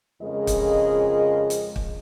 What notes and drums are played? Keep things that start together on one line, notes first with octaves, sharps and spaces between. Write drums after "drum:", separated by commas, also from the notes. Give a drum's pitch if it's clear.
F2 C#3 G#3 A#4 D#5
drum: kick, hi-hat
drum: hi-hat
drum: kick